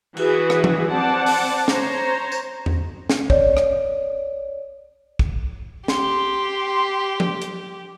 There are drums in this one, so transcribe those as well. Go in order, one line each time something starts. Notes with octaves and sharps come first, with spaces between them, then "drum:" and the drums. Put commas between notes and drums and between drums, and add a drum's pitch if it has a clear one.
E3 F#4 G#4 B4, drum: cymbal
drum: rim click
drum: tom F3
C4 D5 F#5 A5
drum: open hi-hat
C5 C#5 A#5, drum: snare
drum: tambourine
drum: tom E2
drum: snare
C#5 D5, drum: kick
drum: rim click
drum: kick
G4 C6, drum: snare
drum: tom F3
drum: hi-hat